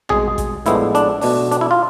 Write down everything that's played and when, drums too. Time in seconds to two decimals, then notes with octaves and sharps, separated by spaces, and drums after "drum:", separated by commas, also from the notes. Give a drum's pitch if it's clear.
0.09 C2 B2 G#3 G#4, drum: tom
0.38 drum: kick A1, hi-hat
0.66 A2 F3 G#3 B3 D4 E4, drum: hi-hat
0.95 D4, drum: hi-hat
1.21 B2 A3 D4, drum: open hi-hat
1.51 D4, drum: hi-hat
1.61 E4
1.71 F4